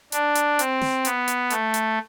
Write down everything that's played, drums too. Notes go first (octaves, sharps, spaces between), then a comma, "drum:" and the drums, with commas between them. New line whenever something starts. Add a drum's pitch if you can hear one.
D4, drum: hi-hat
drum: hi-hat
C4, drum: hi-hat
drum: snare
B3, drum: hi-hat
drum: hi-hat
A3, drum: hi-hat
drum: hi-hat